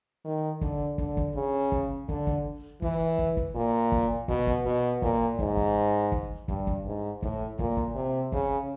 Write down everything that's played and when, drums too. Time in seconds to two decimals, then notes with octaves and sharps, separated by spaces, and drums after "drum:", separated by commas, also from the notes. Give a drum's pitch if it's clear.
0.25 D#3
0.61 D3, drum: kick
0.98 D3, drum: kick
1.17 drum: kick
1.35 C#3
1.72 drum: kick
2.09 D3, drum: kick
2.27 drum: kick
2.82 E3, drum: kick
3.18 drum: kick
3.37 drum: kick
3.55 A#2
3.92 drum: kick
4.28 B2, drum: kick
4.47 drum: kick
4.66 B2
5.02 A#2, drum: kick
5.39 G#2, drum: kick
5.57 drum: kick
6.12 drum: kick
6.48 G2, drum: kick
6.67 drum: kick
6.85 G#2
7.22 A2, drum: kick
7.59 A#2, drum: kick
7.77 drum: kick
7.95 C3
8.32 C#3, drum: kick